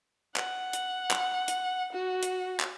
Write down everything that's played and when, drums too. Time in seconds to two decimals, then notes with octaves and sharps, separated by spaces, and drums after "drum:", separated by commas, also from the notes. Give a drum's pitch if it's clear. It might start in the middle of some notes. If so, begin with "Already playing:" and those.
0.36 F#5, drum: clap
0.73 drum: hi-hat
1.11 drum: clap
1.48 drum: hi-hat
1.92 F#4
2.23 drum: hi-hat
2.60 drum: clap